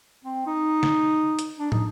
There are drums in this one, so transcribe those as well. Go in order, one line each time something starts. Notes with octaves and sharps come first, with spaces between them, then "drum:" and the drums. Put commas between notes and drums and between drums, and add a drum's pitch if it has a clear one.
C4
D#4
drum: snare
drum: hi-hat
D4
D#4, drum: tom